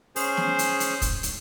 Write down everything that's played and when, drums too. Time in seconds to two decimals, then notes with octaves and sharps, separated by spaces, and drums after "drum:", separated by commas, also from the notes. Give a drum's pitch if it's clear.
0.16 C#4 G#4 C5, drum: open hi-hat
0.37 drum: snare
0.59 drum: hi-hat
0.80 drum: hi-hat
1.02 drum: kick, hi-hat
1.23 drum: hi-hat